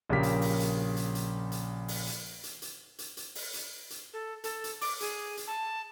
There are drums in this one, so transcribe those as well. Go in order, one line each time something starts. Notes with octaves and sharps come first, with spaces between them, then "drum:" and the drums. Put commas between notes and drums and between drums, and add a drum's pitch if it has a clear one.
A#1 C#3 G4 A#4 B6
drum: hi-hat
drum: open hi-hat
drum: hi-hat
drum: hi-hat
drum: hi-hat
drum: hi-hat
drum: open hi-hat
drum: hi-hat
drum: hi-hat
drum: hi-hat
drum: hi-hat
drum: hi-hat
drum: open hi-hat
drum: hi-hat
drum: hi-hat
A4
A4, drum: hi-hat
drum: hi-hat
D6, drum: open hi-hat
G#4, drum: hi-hat
drum: hi-hat
A5